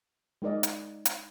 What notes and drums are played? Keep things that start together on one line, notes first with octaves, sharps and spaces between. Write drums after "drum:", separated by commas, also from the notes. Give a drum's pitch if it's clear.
G#3 D#4 A#4 D5 D#5
drum: hi-hat
drum: hi-hat